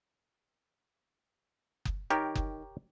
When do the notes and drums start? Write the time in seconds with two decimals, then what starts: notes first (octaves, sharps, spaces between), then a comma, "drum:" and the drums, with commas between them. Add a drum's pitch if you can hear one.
1.85 drum: kick F#1
2.10 D#3 G4 A#4 C#5
2.35 drum: kick F#1